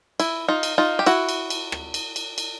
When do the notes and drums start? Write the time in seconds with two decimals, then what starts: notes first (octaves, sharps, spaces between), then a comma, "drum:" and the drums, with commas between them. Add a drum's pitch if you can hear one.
0.20 E4, drum: cymbal
0.48 D#4 F4
0.63 drum: cymbal
0.78 D#4 F4
0.99 G4
1.06 E4 F#4, drum: cymbal
1.29 drum: cymbal
1.50 drum: cymbal
1.72 drum: rim click
1.94 drum: cymbal
2.16 drum: cymbal
2.38 drum: cymbal